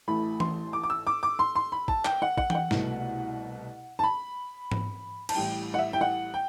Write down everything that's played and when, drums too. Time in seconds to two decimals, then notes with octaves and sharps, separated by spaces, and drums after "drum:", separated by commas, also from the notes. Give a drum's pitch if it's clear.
0.08 A1 A2 E3 A3 B5
0.40 C6, drum: tom E3
0.73 D6
0.83 D6
0.90 E6
1.07 D6
1.23 D6
1.39 C6
1.56 C6
1.72 B5
1.88 A5, drum: kick
2.05 G5, drum: clap
2.22 F#5
2.37 F#5, drum: kick
2.50 G5, drum: tom E3
2.55 F#5
2.71 C2 B2 A3, drum: snare
3.99 A5
4.03 B5
4.72 drum: tom G#2
5.29 A5, drum: cymbal
5.35 A1 A2 G3 G5
5.74 F#5
5.79 E5
5.93 G5
6.01 F#5
6.34 G5